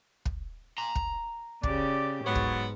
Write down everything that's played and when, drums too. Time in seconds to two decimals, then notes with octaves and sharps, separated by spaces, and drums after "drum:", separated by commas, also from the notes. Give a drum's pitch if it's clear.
0.25 drum: kick
0.78 A#5 C6
0.95 drum: kick
1.63 C#3 G4 D5, drum: kick
2.25 G#2 F#3 B3 C#5
2.35 drum: kick